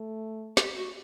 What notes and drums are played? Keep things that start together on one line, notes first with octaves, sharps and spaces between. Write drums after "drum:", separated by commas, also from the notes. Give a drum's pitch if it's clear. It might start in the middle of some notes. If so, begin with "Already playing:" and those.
Already playing: A3
G4, drum: snare
F#4